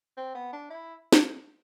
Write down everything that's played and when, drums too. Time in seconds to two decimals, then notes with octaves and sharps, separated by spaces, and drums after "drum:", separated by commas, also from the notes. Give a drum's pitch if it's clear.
0.17 C4
0.34 B3
0.53 D4
0.70 E4
1.12 drum: snare